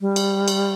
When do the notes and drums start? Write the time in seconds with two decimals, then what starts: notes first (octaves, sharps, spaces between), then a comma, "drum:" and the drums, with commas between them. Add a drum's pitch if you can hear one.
0.01 G3
0.16 drum: cymbal
0.48 drum: cymbal